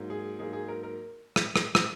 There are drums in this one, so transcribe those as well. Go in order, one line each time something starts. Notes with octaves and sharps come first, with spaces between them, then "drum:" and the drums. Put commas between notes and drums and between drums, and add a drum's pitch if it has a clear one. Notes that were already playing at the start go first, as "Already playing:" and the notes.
Already playing: G#2 F#3 A#3
G#4
G#2 F#3 A#3 G#4
G#4
A#4
A#4
drum: rim click
drum: rim click
drum: rim click